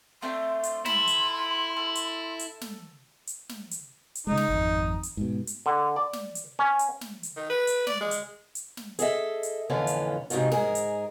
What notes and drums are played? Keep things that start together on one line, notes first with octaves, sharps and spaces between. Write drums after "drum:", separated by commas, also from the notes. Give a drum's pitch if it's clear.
A3 C4 D4 C6
drum: hi-hat
E4 A4 B5, drum: snare
drum: hi-hat
A4
drum: hi-hat
drum: hi-hat
drum: snare
drum: hi-hat
drum: snare
drum: hi-hat
drum: hi-hat
C#3 G#3 D#4
drum: snare
G#1 F2
drum: hi-hat
G#2 B2
drum: hi-hat
D3
D5
drum: snare
drum: hi-hat
C#4
drum: hi-hat
drum: snare
drum: hi-hat
D#3
B4
drum: hi-hat
D5, drum: snare
G#3
drum: hi-hat
drum: hi-hat
drum: snare
G#4 A4 D#5 E5, drum: hi-hat
drum: hi-hat
F2 A#2 D3 E3 C#4 F4
drum: hi-hat
G#2 C3 D#3 F#3 D#4 F4, drum: hi-hat
G#2 G#4 A#4, drum: snare
drum: hi-hat